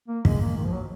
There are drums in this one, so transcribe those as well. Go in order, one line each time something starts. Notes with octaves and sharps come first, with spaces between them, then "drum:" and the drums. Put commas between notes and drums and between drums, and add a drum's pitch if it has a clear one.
A#3
G#3, drum: kick
A#3
D#3
F3
F#3